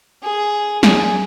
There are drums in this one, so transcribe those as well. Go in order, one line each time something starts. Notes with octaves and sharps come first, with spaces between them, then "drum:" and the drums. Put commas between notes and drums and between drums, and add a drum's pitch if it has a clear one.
G#4
G#4, drum: snare